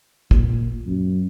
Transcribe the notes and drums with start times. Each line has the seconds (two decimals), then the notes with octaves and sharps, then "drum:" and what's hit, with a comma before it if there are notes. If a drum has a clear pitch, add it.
0.31 A#2, drum: kick
0.87 F#2